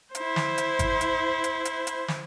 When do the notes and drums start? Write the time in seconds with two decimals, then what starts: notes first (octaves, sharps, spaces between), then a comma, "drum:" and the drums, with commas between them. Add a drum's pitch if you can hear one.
0.15 E4 C5, drum: hi-hat
0.36 drum: snare
0.58 drum: hi-hat
0.79 drum: kick G#1, hi-hat
1.01 drum: hi-hat
1.44 drum: hi-hat
1.65 drum: hi-hat
1.87 drum: hi-hat
2.08 drum: snare